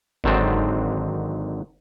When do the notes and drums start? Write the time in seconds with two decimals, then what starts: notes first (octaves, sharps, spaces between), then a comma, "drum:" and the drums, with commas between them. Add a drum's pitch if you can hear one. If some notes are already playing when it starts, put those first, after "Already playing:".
0.24 G#1 D3 D#3 F#3 C4 A5, drum: kick G1